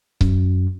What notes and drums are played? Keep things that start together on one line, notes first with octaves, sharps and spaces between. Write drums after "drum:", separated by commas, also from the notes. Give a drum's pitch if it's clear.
F#2, drum: kick C#1